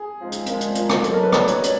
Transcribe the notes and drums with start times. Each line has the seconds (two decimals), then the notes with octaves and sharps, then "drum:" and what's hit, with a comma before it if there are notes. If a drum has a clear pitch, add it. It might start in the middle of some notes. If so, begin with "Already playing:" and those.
Already playing: G#4
0.17 G#2 F3 G#3 C4
0.32 drum: hi-hat
0.46 A#2 F3 G#3, drum: hi-hat
0.61 drum: hi-hat
0.75 A#2 F3 G#3, drum: hi-hat
0.90 drum: rim click
1.04 D#2 D#3 F#3 A4, drum: hi-hat
1.14 A#4
1.23 B4
1.33 D#2 D#3 F#3 D5, drum: rim click
1.47 C#5, drum: hi-hat
1.63 B2 G#3, drum: hi-hat